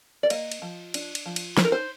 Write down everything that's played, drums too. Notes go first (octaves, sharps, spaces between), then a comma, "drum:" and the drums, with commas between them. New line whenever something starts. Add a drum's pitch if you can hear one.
D5
A#3 D#5, drum: cymbal
drum: cymbal
F3
D4, drum: cymbal
drum: cymbal
F3
drum: cymbal
D#4 C5, drum: snare
A#4
C5